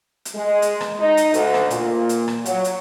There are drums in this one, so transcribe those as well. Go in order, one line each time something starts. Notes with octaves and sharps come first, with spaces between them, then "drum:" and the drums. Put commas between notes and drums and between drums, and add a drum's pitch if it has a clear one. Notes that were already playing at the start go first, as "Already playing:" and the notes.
drum: hi-hat
G#3
drum: hi-hat
drum: rim click
D#4
drum: hi-hat
D2, drum: hi-hat
drum: rim click
A#2, drum: hi-hat
drum: hi-hat
drum: rim click
F#3, drum: hi-hat
drum: hi-hat